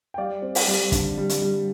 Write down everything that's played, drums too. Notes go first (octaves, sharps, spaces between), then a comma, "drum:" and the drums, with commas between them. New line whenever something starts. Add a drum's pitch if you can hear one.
G5
G3 D5 F5
C4
drum: open hi-hat
G3
D3, drum: kick, hi-hat
G3
drum: hi-hat
G3